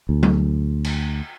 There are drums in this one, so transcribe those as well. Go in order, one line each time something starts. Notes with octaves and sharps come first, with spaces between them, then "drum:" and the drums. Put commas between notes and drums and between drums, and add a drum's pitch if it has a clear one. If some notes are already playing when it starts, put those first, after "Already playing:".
D2
drum: tom F#3
drum: cymbal